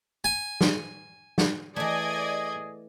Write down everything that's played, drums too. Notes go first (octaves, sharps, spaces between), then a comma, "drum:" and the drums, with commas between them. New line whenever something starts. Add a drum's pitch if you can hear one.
G#5
drum: snare
drum: snare
E3 A3 G#4 D5 D#5 G#6